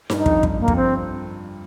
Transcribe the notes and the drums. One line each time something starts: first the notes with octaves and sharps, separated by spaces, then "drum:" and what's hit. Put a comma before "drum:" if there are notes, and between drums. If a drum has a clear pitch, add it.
G2, drum: snare D#4
D#4
F2, drum: kick
G2, drum: kick
A#3
F2, drum: kick
C4